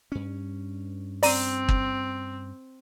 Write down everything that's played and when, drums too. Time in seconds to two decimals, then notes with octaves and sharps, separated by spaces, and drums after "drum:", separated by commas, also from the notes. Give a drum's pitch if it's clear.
0.12 G2 C#4
1.23 C4 D5 A#5 D#7, drum: open hi-hat
1.69 drum: kick